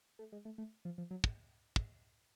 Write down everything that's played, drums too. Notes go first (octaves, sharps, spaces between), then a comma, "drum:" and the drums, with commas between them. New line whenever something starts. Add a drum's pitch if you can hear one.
A3
G#3
A3
A3
F3
F3
F#3
drum: kick
drum: kick